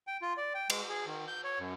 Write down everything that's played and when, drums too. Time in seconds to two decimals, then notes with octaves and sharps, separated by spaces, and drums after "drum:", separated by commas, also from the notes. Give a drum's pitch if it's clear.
0.07 G5
0.22 F4
0.37 D5
0.54 G5
0.70 G#3, drum: cymbal
0.90 G#4
1.07 D#3
1.28 G6
1.44 C#5
1.59 F#2